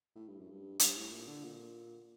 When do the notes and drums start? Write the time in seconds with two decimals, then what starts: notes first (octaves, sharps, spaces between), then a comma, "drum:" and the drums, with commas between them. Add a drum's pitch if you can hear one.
0.15 A2
0.28 G2
0.39 F#2
0.50 G2
0.79 G2, drum: hi-hat
0.96 A2
1.11 A#2
1.27 D3
1.44 A#2